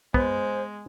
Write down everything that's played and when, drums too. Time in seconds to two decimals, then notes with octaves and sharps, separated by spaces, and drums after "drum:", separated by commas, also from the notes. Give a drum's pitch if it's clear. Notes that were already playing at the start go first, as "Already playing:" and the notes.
0.14 G#3 B3 C5, drum: kick